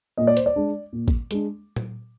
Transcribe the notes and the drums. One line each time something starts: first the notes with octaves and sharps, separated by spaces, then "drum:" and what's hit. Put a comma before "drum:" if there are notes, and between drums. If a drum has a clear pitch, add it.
A#2 D#5
D5
C5, drum: hi-hat
D5
G#3 D4
A#2
drum: kick A1
G#3 D4, drum: hi-hat
drum: tom A#2